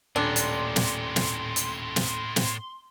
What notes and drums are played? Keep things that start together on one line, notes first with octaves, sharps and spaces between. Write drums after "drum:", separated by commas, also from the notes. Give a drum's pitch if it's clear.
D#1 A2 D4 D#4 C6
drum: hi-hat
drum: snare
drum: snare
drum: hi-hat
drum: snare
drum: snare